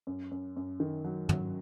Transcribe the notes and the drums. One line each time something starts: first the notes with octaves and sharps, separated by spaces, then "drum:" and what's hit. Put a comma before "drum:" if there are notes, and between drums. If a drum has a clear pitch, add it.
F#2
F#2
F#2
D#3
F#3
F#3, drum: tom